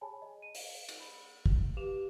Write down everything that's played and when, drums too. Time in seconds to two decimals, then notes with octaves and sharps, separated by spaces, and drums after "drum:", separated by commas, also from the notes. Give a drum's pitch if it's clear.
0.01 G#4 C#5 G#5 A5 B5
0.22 D#5
0.42 D#7
0.55 drum: open hi-hat
0.89 drum: cymbal
1.00 B5
1.46 drum: kick
1.77 G4 B4 F5 D6 E7 F7